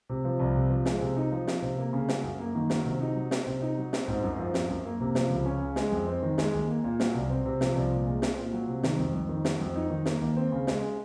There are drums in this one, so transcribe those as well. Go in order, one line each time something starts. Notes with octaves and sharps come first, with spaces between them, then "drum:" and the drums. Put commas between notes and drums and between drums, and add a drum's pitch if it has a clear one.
C3
F3
C2
C3
F3
G#3, drum: snare
C3
D#4
F3
C4, drum: snare
C3
A#3
C#3
F#3, drum: snare
F#2
A#3
D#3
F#3, drum: snare
C3
D#4
F#3
C4, drum: snare
C3
D#4
F#3
C4, drum: snare
G#2
F#2
F3
C4, drum: snare
F#2
A#3
C3
F3, drum: snare
C#2
C#4
C#3
G#3, drum: snare
F2
C4
D#3
G#3, drum: snare
D#2
A#3
A#2
F#3, drum: snare
C2
C4
C3
F3, drum: snare
C2
A#2
G#3
C4, drum: snare
A#2
F#3
C3
D#3, drum: snare
F2
F2
D#3
F#3, drum: snare
F2
D#4
D#3
A#3, drum: snare
D#2
C4
C#3
G#3, drum: snare